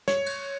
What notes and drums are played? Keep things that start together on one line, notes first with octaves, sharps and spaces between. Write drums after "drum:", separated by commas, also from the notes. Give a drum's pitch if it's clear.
C#5, drum: snare
drum: cymbal